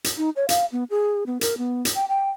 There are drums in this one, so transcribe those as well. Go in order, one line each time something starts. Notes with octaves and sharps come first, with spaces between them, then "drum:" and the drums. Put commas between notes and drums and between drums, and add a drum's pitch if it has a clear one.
drum: hi-hat
D#4
C#5
F5, drum: hi-hat
B3
G#4
B3
A#4, drum: hi-hat
B3
drum: hi-hat
G5
G5